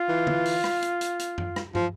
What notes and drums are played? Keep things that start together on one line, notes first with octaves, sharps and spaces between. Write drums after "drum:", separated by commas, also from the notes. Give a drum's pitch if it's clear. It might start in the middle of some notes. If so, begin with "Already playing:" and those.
Already playing: F4
E3
drum: tom
drum: open hi-hat
drum: rim click
drum: hi-hat
drum: hi-hat
drum: hi-hat
drum: tom F#2
drum: rim click
F3, drum: tom